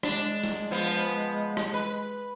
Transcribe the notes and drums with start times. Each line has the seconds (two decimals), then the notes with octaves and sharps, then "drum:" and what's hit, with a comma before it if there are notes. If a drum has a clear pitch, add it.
0.03 G#3 D4, drum: rim click
0.44 drum: snare
0.71 F3 B3
1.57 drum: rim click
1.74 B4